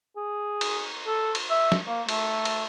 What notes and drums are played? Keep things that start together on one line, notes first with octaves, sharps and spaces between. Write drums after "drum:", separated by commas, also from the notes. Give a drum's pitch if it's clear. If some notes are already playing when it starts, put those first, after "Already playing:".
G#4
drum: cymbal
A4
drum: cymbal
E5
drum: snare
A#3
A3, drum: cymbal
drum: cymbal